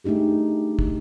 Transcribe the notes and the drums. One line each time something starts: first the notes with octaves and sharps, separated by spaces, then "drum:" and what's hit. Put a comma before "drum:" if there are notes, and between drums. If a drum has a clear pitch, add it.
A3 D4 D#4 G4 G#4
drum: kick